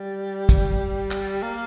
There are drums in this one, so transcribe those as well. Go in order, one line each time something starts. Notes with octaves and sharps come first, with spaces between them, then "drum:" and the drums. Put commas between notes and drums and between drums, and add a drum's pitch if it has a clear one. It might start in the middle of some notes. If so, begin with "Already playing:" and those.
Already playing: G3
drum: kick, hi-hat
drum: clap
A#3